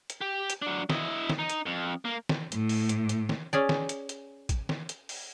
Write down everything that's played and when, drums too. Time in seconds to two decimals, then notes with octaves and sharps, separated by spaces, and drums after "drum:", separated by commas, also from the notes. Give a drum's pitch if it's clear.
0.10 drum: hi-hat
0.21 G4
0.50 drum: hi-hat
0.62 F#3 D4
0.90 E4 D#5, drum: snare E3
1.30 drum: snare E3
1.39 D#4
1.50 drum: hi-hat
1.66 F2
2.05 A#3
2.29 drum: snare E3
2.52 A2, drum: hi-hat
2.69 drum: open hi-hat
2.89 drum: hi-hat
3.09 drum: hi-hat
3.29 drum: snare E3
3.53 C#4 G#4 D5
3.69 drum: snare E3
3.89 drum: hi-hat
4.09 drum: hi-hat
4.49 drum: kick, hi-hat
4.69 drum: snare E3
4.89 drum: hi-hat
5.09 drum: open hi-hat